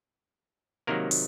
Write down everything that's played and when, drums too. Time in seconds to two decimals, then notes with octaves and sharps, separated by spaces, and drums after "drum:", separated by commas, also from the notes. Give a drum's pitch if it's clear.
0.87 C3 D#3 F#3 A#3 A#4
1.11 drum: open hi-hat